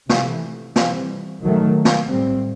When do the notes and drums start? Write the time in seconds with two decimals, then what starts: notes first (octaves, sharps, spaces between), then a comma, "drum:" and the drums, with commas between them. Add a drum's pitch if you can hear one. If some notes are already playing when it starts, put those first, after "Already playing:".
0.09 C3 E3 A3, drum: snare
0.76 E3 G3 C4, drum: snare
1.42 D#3 F#3 A3
1.85 drum: snare
2.07 A2 G3 C4